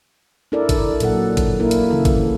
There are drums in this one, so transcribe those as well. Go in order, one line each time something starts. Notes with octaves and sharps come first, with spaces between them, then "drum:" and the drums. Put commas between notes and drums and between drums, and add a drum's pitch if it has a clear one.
D4 E4 A4 A#4 D5
drum: kick G#1, hi-hat
A#2 F#3 A4 F#5, drum: hi-hat
drum: kick G#1, hi-hat
A#3 E4 A#4
drum: hi-hat
C#3 E3 A4
drum: kick G#1, hi-hat